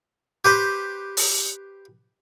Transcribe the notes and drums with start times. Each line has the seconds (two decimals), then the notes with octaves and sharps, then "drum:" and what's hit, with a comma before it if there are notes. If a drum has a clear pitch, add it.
0.45 G4 B4 C5
1.17 drum: open hi-hat